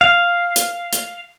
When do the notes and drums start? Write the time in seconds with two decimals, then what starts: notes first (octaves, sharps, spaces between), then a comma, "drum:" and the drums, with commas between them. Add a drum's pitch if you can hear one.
0.01 F5
0.56 drum: hi-hat
0.93 drum: hi-hat